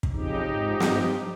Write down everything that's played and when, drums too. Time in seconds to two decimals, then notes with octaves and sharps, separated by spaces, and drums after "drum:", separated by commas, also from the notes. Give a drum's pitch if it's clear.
0.03 drum: kick
0.13 F2 C#3 F3 D#4 G4
0.46 G#2 F3
0.80 G2 F3, drum: snare